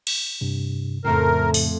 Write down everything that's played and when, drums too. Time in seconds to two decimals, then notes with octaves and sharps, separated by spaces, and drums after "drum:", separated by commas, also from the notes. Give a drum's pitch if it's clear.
0.07 drum: cymbal
0.41 G2 C3
1.04 F2 A2 C#3 A3 C4 A#4
1.54 drum: open hi-hat